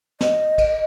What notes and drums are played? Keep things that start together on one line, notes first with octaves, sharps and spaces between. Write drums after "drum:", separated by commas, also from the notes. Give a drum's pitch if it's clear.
D#5, drum: snare
drum: kick, cymbal